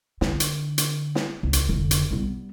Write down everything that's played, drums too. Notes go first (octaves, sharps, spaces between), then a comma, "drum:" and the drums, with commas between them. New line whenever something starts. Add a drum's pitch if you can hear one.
D3, drum: snare
drum: hi-hat
drum: hi-hat
drum: snare
C#2
drum: hi-hat
F1 D3
drum: hi-hat
G3 B3